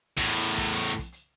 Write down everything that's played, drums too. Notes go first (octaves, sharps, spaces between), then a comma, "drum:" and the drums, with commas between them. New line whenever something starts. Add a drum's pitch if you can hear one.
E2 A2, drum: kick, hi-hat
drum: hi-hat
drum: hi-hat
drum: kick, hi-hat
drum: hi-hat
drum: kick, hi-hat
drum: hi-hat